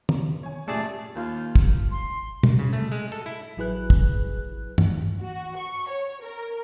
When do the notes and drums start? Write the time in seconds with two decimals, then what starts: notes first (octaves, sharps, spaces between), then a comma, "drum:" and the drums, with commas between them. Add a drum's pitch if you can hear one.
0.09 drum: tom
0.43 C#5 G#5
0.68 F#2 A#2 A3 G4 G#4 D5 A5
1.16 D#2 F4
1.55 drum: kick
1.91 C6
2.43 drum: tom
2.59 C#3
2.73 A3
2.92 G#3
3.12 A4
3.26 E4
3.57 A1 F#3 E4 G#4 B4 F#6
3.90 drum: kick
4.78 drum: tom
5.21 F#4
5.58 C#6
5.88 C#5
6.20 A#4